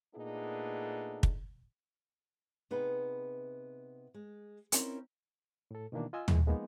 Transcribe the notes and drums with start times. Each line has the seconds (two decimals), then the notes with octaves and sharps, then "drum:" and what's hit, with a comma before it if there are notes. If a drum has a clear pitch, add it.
0.16 A#2 A3 B3 D4 D#4 G#4
1.23 drum: kick
2.71 C3 B3 D#4 G#4 B4
4.14 G#3
4.72 C4 C#4 D#4 E4 A#4, drum: hi-hat
5.71 A2 A4
5.92 B2 D#3 E3 A#3 D4
6.13 F4 D#5 G#5 E6
6.28 A#2 E3 G#3, drum: tom
6.46 F3 G#3 A#3 B3 D#4